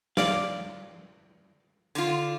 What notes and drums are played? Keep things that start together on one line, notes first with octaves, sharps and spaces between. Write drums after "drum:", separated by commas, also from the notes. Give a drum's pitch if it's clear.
D5 F5, drum: snare
D3 F4, drum: hi-hat